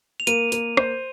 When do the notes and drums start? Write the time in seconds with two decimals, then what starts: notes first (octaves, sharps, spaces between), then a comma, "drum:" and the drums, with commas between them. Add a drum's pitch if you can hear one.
0.20 F7
0.27 A#3 D#7, drum: hi-hat
0.52 A#3, drum: hi-hat
0.77 C5, drum: rim click